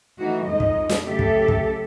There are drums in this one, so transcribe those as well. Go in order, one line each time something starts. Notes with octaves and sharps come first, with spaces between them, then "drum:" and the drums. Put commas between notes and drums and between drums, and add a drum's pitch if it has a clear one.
E3 A3 D#4 F#4
F2 G#3 D#4 D#5
drum: kick
drum: snare
F#2 C#3 A3 G4 A4 E5
drum: kick
drum: kick